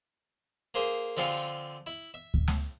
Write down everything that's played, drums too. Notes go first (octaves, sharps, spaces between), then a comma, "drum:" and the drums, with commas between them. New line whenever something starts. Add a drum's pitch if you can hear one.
A#3 G#4 C5 E5
D3 F3 C4 F5 G#5, drum: open hi-hat
E4
E5
drum: kick D2
drum: snare